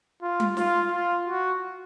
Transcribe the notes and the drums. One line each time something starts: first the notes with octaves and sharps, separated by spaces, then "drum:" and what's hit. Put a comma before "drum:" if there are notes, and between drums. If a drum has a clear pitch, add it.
F4
drum: tom G3
F4, drum: snare
F4
F#4